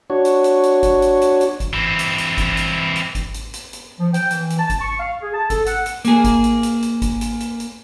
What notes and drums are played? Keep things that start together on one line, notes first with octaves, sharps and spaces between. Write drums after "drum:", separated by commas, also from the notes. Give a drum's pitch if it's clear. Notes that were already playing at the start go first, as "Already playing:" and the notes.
D4 F#4 C#5
drum: hi-hat
drum: hi-hat
drum: hi-hat
drum: kick G#1, hi-hat
drum: hi-hat
drum: hi-hat
drum: hi-hat
drum: kick G#1, hi-hat
E3 C4
drum: hi-hat
drum: hi-hat
drum: kick G#1, hi-hat
drum: hi-hat
drum: hi-hat
drum: kick G#1, hi-hat
drum: hi-hat
drum: hi-hat
drum: hi-hat
F3
G5, drum: hi-hat
E3, drum: hi-hat
drum: hi-hat
A5
drum: kick G#1, hi-hat
C#6
F5
G#4
A5
A4, drum: kick G#1, hi-hat
F#5, drum: hi-hat
drum: hi-hat
A#3 G#4, drum: hi-hat
drum: kick G#1, hi-hat
drum: hi-hat
drum: hi-hat
drum: hi-hat
drum: kick G#1, hi-hat
drum: hi-hat
drum: hi-hat
drum: hi-hat